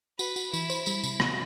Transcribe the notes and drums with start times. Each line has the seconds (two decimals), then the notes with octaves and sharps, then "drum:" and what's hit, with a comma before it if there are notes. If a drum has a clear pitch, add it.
0.19 F#4 B4, drum: tambourine
0.36 F#4, drum: tambourine
0.54 E3 E4, drum: tambourine
0.70 C5, drum: tambourine
0.86 G3 E4, drum: tambourine
1.04 C3, drum: tambourine
1.20 C3, drum: rim click